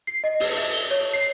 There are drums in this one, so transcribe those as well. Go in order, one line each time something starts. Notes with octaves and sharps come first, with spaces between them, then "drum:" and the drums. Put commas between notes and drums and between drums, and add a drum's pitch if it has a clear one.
C7
D#5
drum: open hi-hat
E5
G7
C#5
C7